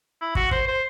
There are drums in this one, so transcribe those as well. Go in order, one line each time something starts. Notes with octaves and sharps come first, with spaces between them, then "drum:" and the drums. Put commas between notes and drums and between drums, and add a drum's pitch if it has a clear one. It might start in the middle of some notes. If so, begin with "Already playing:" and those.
E4
F#4, drum: kick
C5, drum: kick
C5